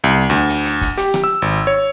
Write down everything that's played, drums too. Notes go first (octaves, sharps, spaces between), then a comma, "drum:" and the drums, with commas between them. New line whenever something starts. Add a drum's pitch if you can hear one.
C2
D2
drum: hi-hat
drum: hi-hat
drum: kick, hi-hat
G4, drum: hi-hat
drum: rim click
E6
G#1
C#5